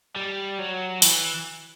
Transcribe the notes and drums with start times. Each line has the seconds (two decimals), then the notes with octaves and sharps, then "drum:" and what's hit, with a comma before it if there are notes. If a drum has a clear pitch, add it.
0.16 G3
0.59 F#3
1.02 E3, drum: open hi-hat